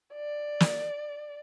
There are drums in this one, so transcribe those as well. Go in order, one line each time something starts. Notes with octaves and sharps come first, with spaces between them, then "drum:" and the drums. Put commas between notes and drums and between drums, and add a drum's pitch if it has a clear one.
D5
drum: snare